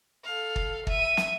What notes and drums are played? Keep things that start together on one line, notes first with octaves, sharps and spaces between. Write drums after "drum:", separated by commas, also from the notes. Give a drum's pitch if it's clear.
A4 F5
drum: kick
E5 D#7, drum: kick
drum: snare